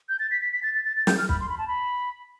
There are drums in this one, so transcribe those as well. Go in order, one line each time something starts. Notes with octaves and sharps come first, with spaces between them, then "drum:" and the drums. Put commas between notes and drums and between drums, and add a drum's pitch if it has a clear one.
G6
A6
B6
B6
B6
A6
A6
A6
A6
G6, drum: snare
F6
B5, drum: kick
C6
B5
A5
B5